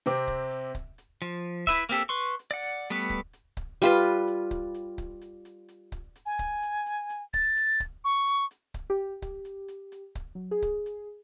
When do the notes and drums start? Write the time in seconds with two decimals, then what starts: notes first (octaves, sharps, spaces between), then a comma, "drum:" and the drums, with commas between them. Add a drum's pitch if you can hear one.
0.06 C3 C4 D6
0.28 drum: kick C#1, hi-hat
0.51 drum: hi-hat
0.75 drum: kick C#1, hi-hat
0.98 drum: hi-hat
1.22 F3, drum: hi-hat
1.67 E4 B4 E5, drum: kick C#1, hi-hat
1.89 A#3 C4 G4 A4, drum: hi-hat
2.09 B4 C6 C#6
2.39 drum: hi-hat
2.51 D5 F#5
2.63 drum: hi-hat
2.90 G3 A3 B3 B4
3.10 drum: kick C#1, hi-hat
3.33 drum: hi-hat
3.57 drum: kick C#1, hi-hat
3.82 G3 F4 B4, drum: hi-hat
4.04 drum: hi-hat
4.27 drum: hi-hat
4.51 drum: kick C#1, hi-hat
4.74 drum: hi-hat
4.98 drum: kick C#1, hi-hat
5.21 drum: hi-hat
5.45 drum: hi-hat
5.68 drum: hi-hat
5.92 drum: kick C#1, hi-hat
6.16 drum: hi-hat
6.26 G#5
6.39 drum: kick C#1, hi-hat
6.63 drum: hi-hat
6.86 drum: hi-hat
7.10 drum: hi-hat
7.34 A6, drum: kick C#1, hi-hat
7.57 drum: hi-hat
7.80 drum: kick C#1, hi-hat
8.05 C#6
8.27 drum: hi-hat
8.51 drum: hi-hat
8.74 drum: kick C#1, hi-hat
8.90 G4
9.22 G4, drum: kick C#1, hi-hat
9.45 drum: hi-hat
9.68 drum: hi-hat
9.92 drum: hi-hat
10.15 drum: kick C#1, hi-hat
10.35 F#3
10.51 G#4
10.62 drum: kick C#1, hi-hat
10.86 drum: hi-hat